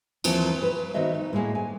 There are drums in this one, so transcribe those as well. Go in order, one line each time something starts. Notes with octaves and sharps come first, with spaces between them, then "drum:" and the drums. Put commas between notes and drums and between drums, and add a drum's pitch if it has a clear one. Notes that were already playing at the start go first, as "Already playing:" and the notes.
D#2 E3 F3 A#3 C4, drum: cymbal
B4
D#3 B3 F#4 C5 D#5 E5
D#4
A2 G#3 A#3 G#4
G#5